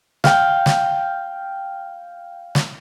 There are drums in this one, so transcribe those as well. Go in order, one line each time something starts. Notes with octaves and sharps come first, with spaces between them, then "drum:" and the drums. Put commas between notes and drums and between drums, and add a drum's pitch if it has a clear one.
F5 G5, drum: snare
drum: snare
drum: snare